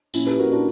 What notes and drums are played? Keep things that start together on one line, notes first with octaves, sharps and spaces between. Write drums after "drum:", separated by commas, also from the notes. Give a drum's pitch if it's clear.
A#1 C#4 E4, drum: tambourine
G4 B4
A#1 F#4 A#4
D4 F#4